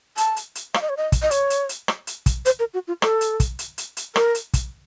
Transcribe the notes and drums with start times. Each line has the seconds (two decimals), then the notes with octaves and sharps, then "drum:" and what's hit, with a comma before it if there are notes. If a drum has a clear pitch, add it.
0.17 A5, drum: hi-hat
0.36 drum: hi-hat
0.55 drum: hi-hat
0.74 F5, drum: rim click
0.82 D#5
0.89 C#5
0.97 D#5
1.12 drum: kick, hi-hat
1.22 D#5
1.31 C#5, drum: hi-hat
1.50 drum: hi-hat
1.69 drum: hi-hat
1.88 drum: rim click
2.07 drum: hi-hat
2.26 drum: kick, hi-hat
2.45 C5, drum: hi-hat
2.59 A#4
2.74 F#4
2.88 F4
3.02 A4, drum: rim click
3.21 drum: hi-hat
3.40 drum: kick, hi-hat
3.59 drum: hi-hat
3.78 drum: hi-hat
3.97 drum: hi-hat
4.16 A#4, drum: rim click
4.35 drum: hi-hat
4.54 drum: kick, hi-hat